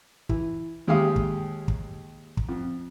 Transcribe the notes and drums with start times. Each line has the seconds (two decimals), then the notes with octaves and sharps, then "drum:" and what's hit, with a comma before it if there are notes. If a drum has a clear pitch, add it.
0.29 E3, drum: kick
0.88 D#2 G#3 G4 F5 D#6
1.16 drum: kick
1.68 drum: kick
2.37 drum: kick
2.49 F2